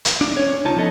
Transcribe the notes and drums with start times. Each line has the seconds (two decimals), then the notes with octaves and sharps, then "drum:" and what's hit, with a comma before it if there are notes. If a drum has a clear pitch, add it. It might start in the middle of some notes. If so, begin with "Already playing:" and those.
0.05 drum: hi-hat
0.21 D4
0.37 C#4 C#5
0.65 C#2 D#4 F4 C#5 A5
0.77 F3 B3 A4 D#5